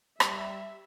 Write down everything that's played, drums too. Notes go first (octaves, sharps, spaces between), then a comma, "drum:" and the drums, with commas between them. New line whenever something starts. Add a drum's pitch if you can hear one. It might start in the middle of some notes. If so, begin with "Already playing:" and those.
G3 E5, drum: rim click